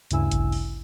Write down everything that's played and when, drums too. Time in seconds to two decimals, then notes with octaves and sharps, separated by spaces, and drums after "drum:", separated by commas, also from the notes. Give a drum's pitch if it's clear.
0.11 D2 G2 C#3 E4 G#5 E6, drum: hi-hat
0.31 drum: kick A1, hi-hat
0.52 drum: open hi-hat